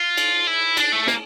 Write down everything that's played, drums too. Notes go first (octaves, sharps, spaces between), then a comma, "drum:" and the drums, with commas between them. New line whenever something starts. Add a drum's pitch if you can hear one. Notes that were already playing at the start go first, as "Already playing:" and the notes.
Already playing: F4
drum: cymbal
E4
D4, drum: cymbal
A3
A#3, drum: snare